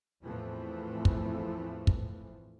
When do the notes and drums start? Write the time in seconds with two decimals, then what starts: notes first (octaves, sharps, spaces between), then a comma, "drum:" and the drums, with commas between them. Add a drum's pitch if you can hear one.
0.23 E2 A2 E3 F3 A3 C4
1.05 drum: kick
1.87 drum: kick